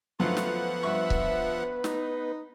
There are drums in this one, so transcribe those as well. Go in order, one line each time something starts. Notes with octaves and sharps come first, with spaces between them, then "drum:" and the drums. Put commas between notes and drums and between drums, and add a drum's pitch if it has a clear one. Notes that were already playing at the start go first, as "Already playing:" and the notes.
F#2 D3 F3 A3 B3 F4 B4 F#5
drum: snare
G2 E5 C#6
drum: kick C#1
D#4, drum: snare